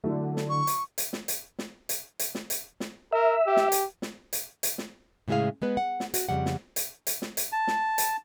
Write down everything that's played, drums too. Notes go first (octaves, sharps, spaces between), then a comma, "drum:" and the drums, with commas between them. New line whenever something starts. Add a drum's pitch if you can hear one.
D3 F#3 A3 E4
drum: snare
C#6
drum: hi-hat
drum: hi-hat
drum: snare
drum: hi-hat
drum: snare
drum: hi-hat
drum: hi-hat
drum: snare
drum: hi-hat
drum: snare
A#4 E5
G4
drum: snare
drum: hi-hat
drum: snare
drum: hi-hat
drum: hi-hat
drum: snare
A2 C#3 G#3 E4 G#4 F5
G#3 B3 B4
F#5
drum: snare
F#4, drum: hi-hat
F2 C#3 G3 F#5
drum: snare
drum: hi-hat
drum: hi-hat
drum: snare
drum: hi-hat
A5
drum: snare
drum: hi-hat